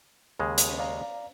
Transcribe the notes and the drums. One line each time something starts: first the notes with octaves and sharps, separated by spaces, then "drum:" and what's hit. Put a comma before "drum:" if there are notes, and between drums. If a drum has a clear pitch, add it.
D#2 C#3 G#3
drum: hi-hat
D5 F5 A#5